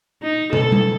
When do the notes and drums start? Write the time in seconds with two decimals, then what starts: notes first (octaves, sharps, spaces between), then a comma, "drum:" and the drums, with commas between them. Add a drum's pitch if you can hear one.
0.22 D#4
0.53 A4, drum: tom
0.72 drum: tom G3